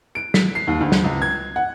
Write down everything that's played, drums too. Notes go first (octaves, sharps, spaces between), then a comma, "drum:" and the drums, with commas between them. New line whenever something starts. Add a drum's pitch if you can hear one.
D7
B6, drum: snare
C7
D#2
D2
drum: snare
C#2
G#6
F#5